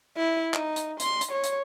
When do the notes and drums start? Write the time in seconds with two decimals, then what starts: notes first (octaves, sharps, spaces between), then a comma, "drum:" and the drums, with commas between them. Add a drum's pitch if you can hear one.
0.17 E4
0.54 D#4, drum: clap
0.76 drum: hi-hat
1.00 C6, drum: hi-hat
1.21 drum: hi-hat
1.31 C#5
1.44 drum: hi-hat